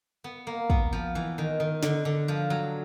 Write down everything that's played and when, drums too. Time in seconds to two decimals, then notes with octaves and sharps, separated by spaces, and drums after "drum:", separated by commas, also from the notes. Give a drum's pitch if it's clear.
0.24 B3
0.47 A#3
0.70 B3, drum: kick
0.93 F3
1.15 E3
1.38 D#3
1.60 D#3
1.83 D3, drum: snare
2.05 D3
2.28 F3
2.50 F#3